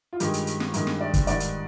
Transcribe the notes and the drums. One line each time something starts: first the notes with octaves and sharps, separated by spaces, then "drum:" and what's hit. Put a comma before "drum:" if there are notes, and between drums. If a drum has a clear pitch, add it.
F4
G2 D#3 G#3 G4, drum: hi-hat
drum: hi-hat
drum: hi-hat
drum: snare
G2 D#3 G#3, drum: hi-hat
drum: snare
D5
drum: kick, hi-hat
G#2 D#3 G3 D5, drum: hi-hat
drum: hi-hat